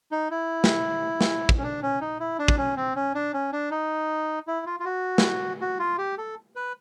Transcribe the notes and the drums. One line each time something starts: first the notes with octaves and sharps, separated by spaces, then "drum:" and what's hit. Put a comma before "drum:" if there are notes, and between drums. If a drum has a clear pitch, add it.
D#4
E4
drum: snare
drum: snare
drum: kick
C#4
D4
C#4
D#4
E4
D4
drum: kick
C#4
C4
C#4
D4
C#4
D4
D#4
E4
F4
F4
F#4
drum: snare
F#4
F4
G4
A4
B4